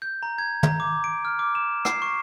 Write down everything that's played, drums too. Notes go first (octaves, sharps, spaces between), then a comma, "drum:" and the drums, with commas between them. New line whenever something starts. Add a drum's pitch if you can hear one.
G6
A#5
G#6
A#5, drum: tom
D6
D7
F6
D6
E7
C7, drum: rim click
C#6